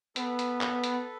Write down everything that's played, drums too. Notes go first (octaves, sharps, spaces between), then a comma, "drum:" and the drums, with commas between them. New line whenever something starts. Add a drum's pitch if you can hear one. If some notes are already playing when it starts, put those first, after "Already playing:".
B3 A4 B4, drum: hi-hat
drum: hi-hat
drum: clap
drum: hi-hat